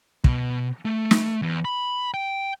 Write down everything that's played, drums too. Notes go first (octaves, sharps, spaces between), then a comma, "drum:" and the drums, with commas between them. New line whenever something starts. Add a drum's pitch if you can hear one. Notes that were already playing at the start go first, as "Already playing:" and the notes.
B2, drum: kick
A3
drum: snare
E2
B5
G5